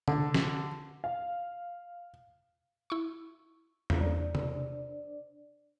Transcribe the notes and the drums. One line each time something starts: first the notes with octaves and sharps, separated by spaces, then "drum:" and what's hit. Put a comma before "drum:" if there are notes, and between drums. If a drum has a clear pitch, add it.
D3, drum: tom C3
drum: snare
F5
E4 C#6
drum: tom E2
D4 C5 D5
drum: tom C3